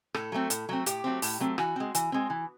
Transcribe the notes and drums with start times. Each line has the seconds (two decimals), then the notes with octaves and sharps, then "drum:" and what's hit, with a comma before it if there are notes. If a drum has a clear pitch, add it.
0.14 A2 A4, drum: rim click
0.32 F#3 A3 C4
0.50 A2, drum: hi-hat
0.69 F#3 A3 C4
0.86 A2 G4, drum: hi-hat
1.04 F#3 A3 C4
1.22 A2, drum: open hi-hat
1.40 F#3 A3 C4
1.58 E3 F#4, drum: rim click
1.76 G#3 C4
1.95 E3, drum: hi-hat
2.12 G#3 C4
2.30 E3